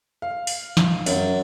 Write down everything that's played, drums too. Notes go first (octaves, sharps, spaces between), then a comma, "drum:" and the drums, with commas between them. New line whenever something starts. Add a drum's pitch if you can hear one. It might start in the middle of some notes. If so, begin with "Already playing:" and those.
F5
drum: open hi-hat
drum: snare
F#2, drum: open hi-hat